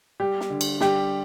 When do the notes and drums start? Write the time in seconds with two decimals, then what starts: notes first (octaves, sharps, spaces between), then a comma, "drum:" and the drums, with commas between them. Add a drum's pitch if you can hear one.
0.20 G3 G4
0.40 drum: snare
0.50 D3
0.61 drum: cymbal
0.80 G3 G4, drum: snare